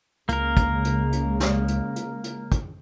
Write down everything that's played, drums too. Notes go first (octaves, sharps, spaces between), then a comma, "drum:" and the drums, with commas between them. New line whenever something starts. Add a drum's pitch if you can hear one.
C#2 C#3 G#3 A#3 A#4, drum: hi-hat
drum: kick, hi-hat
drum: hi-hat
drum: hi-hat
drum: snare
drum: hi-hat
drum: hi-hat
drum: hi-hat
drum: kick, hi-hat